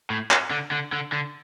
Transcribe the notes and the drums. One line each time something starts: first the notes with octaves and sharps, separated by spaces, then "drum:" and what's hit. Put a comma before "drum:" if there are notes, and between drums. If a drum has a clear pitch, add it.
A2
drum: clap
D3
D3
D3
D3